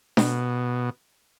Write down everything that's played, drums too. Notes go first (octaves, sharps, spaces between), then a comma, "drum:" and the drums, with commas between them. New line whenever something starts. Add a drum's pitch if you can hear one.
B2, drum: snare D4